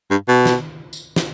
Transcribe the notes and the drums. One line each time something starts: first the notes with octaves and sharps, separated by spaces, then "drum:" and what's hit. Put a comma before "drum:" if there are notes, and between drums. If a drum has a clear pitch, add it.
G2
B2
drum: snare
drum: tambourine
drum: snare